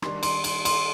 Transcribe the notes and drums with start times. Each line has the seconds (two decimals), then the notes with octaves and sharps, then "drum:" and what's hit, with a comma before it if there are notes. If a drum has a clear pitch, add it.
0.02 D#3 G3 D4 C6, drum: rim click
0.23 C6, drum: cymbal
0.44 C6, drum: cymbal
0.65 C6, drum: cymbal